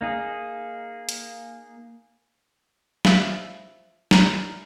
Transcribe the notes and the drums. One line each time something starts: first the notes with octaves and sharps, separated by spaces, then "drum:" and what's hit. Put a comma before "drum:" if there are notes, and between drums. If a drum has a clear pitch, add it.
A#3 D#4 G#4
drum: hi-hat
F3 E5 F5 B5, drum: snare
E4 A#4, drum: snare